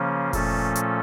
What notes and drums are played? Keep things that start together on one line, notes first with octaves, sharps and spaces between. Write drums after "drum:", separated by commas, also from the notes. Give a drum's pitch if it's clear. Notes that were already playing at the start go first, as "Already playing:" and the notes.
Already playing: C#3 F3 A#3 C#4
A#2 F3 A3 C#4 A4, drum: kick F1, open hi-hat
drum: hi-hat